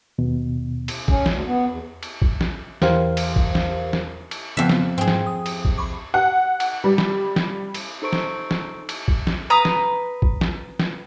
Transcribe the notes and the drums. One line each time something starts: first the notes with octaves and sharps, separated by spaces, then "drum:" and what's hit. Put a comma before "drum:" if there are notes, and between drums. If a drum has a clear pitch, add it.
D#2 B2
drum: cymbal
C#4, drum: kick A1
D2, drum: snare
B3
E2
drum: cymbal
drum: kick A1
drum: snare
E2 E3 G4 A#4 C5 F5, drum: snare
drum: cymbal
drum: kick A1
drum: snare
drum: snare
drum: cymbal
F2 C#3 B3 E5 F#5
drum: snare
G#2 C4 G#4
drum: snare
D#6
drum: cymbal
drum: kick A1
B5 C#6 D6
F#5
drum: cymbal
G3
drum: snare
drum: snare
drum: cymbal
D#4 A4 C5 C#6 D7
drum: snare
drum: snare
drum: cymbal
drum: kick A1
drum: snare
B4 A#5 D#6
drum: snare
drum: kick A1
drum: snare
drum: snare